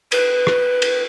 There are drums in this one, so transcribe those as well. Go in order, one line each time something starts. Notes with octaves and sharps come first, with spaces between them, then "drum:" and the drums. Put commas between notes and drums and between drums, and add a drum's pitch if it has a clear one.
B4, drum: cymbal
drum: rim click
drum: cymbal